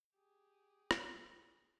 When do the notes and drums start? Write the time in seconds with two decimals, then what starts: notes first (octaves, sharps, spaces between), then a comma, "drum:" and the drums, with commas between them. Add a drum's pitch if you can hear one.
0.16 G4 G#4
0.91 drum: rim click